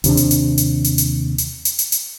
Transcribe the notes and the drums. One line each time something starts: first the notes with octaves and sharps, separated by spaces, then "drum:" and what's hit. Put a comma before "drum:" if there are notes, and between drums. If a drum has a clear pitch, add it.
D#2 C3 D4, drum: hi-hat
drum: hi-hat
drum: hi-hat
drum: hi-hat
drum: hi-hat
drum: hi-hat
drum: hi-hat
drum: hi-hat
drum: hi-hat
drum: hi-hat